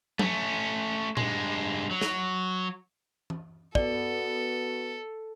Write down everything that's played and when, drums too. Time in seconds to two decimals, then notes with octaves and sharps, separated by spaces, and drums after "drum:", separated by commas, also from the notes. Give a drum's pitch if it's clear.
0.19 A3 C#4, drum: tom F#3
1.17 G2 G#3, drum: tom A#2
1.91 F#3
2.01 drum: snare
3.30 drum: tom E3
3.75 B3 F#4 A4 D5, drum: kick